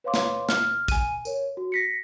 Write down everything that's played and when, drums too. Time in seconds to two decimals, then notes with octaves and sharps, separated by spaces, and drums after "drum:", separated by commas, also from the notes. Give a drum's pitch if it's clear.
0.04 B4 C#5 F5 C6 D6
0.14 drum: snare
0.49 F6, drum: snare
0.88 G#5 D#7, drum: kick, tambourine
1.25 A#4 C#5, drum: tambourine
1.57 F#4
1.72 A#6 B6 C#7